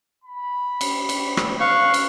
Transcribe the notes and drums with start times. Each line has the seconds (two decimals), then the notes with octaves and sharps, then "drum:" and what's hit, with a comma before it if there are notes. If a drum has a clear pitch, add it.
0.24 B5
0.81 drum: cymbal
1.09 drum: cymbal
1.37 drum: rim click
1.60 F5 C#6 F#6
1.94 drum: cymbal